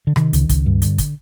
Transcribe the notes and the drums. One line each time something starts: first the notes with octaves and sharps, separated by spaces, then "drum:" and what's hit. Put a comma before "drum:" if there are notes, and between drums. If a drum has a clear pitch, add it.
D3
C3 D#3, drum: rim click
C#2, drum: hi-hat
C#2, drum: kick, hi-hat
G2
D3, drum: hi-hat
drum: kick, hi-hat